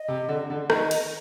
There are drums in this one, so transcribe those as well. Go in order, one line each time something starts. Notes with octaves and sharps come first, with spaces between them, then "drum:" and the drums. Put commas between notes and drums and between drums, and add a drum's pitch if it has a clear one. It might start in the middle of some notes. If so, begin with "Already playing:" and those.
Already playing: D#5
C3
D3
D3
D#3 D#5, drum: rim click
drum: cymbal